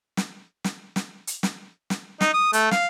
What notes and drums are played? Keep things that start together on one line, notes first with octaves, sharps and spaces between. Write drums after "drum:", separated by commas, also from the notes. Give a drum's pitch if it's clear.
drum: snare
drum: snare
drum: snare
drum: hi-hat
drum: snare
drum: snare
D#4, drum: snare
D#6
A3, drum: hi-hat
F5, drum: snare